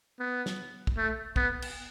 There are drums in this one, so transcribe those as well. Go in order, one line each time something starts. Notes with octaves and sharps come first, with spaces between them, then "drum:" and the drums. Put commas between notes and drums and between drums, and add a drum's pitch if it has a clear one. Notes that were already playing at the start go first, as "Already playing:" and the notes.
B3
drum: snare
drum: kick
A3
B3, drum: kick
drum: cymbal